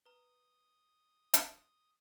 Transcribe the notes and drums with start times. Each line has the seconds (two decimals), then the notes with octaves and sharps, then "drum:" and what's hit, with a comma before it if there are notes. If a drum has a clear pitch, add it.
0.06 B4 A#5 D#6
1.34 drum: hi-hat